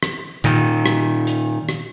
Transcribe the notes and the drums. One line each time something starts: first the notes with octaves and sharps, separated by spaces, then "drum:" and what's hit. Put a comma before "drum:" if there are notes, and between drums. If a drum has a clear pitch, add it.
drum: rim click
A#2 D#3, drum: hi-hat
drum: rim click
drum: hi-hat
drum: rim click